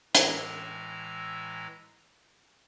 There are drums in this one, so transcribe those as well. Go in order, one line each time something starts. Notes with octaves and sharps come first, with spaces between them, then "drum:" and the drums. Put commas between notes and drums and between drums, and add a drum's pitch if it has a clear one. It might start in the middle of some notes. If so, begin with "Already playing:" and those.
A2 E3 G#3 G#5 A#5 E6, drum: hi-hat